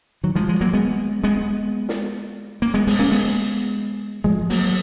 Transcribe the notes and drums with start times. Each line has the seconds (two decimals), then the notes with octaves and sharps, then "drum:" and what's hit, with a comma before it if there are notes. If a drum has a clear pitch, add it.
0.24 D#3 F#3
0.36 F3 G#3
0.48 F3 G#3
0.61 F#3 A#3
0.74 G#3 B3
1.24 G#3 B3
1.89 drum: snare
2.62 A#3
2.74 G#3 B3
2.87 G#3 B3, drum: open hi-hat
2.99 A#3 C#4
3.12 G#3 B3
4.24 F3 G#3
4.50 F#3 A#3, drum: open hi-hat